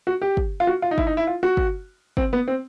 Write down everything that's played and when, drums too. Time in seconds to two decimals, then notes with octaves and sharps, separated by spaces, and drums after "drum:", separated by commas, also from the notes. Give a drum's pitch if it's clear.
0.07 F#4
0.22 G4
0.37 drum: kick
0.60 F4
0.67 F#4
0.82 F4
0.91 D#4
0.98 E4, drum: kick
1.07 D#4
1.17 E4
1.27 F4
1.43 F#4
1.57 drum: kick
2.17 C4, drum: kick
2.33 B3
2.48 C4